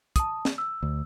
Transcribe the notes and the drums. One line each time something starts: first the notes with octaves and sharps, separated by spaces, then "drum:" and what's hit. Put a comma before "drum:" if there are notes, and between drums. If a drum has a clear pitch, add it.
A5 D#6, drum: kick, hi-hat
drum: snare
E6
D2